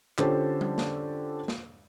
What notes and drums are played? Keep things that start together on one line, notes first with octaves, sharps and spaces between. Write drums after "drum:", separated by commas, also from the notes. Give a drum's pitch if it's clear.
D3 C#4 F4 G4 A4 C5, drum: clap
drum: tom G3
drum: snare
drum: snare